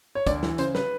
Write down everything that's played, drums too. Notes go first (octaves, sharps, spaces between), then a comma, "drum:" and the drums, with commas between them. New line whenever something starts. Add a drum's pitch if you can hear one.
C#5
D2 D5, drum: kick, hi-hat
E3, drum: snare
C#3 C5, drum: hi-hat
B4, drum: snare